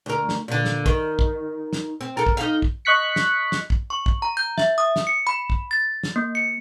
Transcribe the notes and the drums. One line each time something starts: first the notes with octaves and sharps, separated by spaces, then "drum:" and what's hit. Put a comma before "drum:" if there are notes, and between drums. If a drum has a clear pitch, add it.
D2 A#4
drum: snare
A#2 D3
drum: snare
D#3, drum: kick
drum: kick
drum: snare
C4
A4 A#4
drum: kick
D#4 F5
drum: kick
D#5 C#6 F#6 B6 C#7
drum: snare
drum: snare
drum: kick
C#6
drum: kick
A#5
G6
E5, drum: snare
D#6
drum: snare
C#7
B5
drum: kick
A6
drum: snare
A#3
C#7